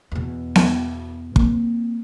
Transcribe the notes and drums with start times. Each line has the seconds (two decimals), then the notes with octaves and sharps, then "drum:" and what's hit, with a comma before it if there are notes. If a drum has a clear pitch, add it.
0.12 E2 B2
0.55 drum: snare B3
1.36 A#3 C4, drum: kick